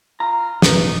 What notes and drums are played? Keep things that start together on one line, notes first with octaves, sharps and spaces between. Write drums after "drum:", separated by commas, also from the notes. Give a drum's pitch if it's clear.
F4 A#5
A1 F#2 B2 D#4 B4, drum: snare